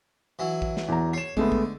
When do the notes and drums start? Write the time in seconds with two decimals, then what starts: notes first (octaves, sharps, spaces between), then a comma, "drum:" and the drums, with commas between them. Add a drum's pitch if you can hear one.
0.39 E3 F#3
0.62 drum: kick
0.77 drum: snare
0.88 E2 A#5
1.13 C#5 C7 E7
1.37 D3 G#3 A3 B3, drum: kick
1.52 drum: kick